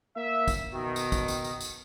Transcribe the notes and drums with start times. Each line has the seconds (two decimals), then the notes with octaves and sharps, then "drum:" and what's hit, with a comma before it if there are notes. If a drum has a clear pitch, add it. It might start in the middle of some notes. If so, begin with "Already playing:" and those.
0.15 A#3 E5
0.48 drum: kick, tambourine
0.72 B2 D#3
0.96 drum: tambourine
1.12 drum: kick, tambourine
1.28 drum: tambourine
1.44 drum: tambourine
1.61 drum: tambourine